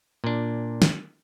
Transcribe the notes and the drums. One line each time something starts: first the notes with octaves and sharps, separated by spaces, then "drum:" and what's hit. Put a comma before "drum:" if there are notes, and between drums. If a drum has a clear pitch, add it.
A#2 D4
drum: snare